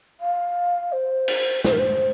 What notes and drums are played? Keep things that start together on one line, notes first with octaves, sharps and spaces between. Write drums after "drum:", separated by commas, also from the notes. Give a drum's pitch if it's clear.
F5
C5
drum: cymbal
C5, drum: snare
A#4
C5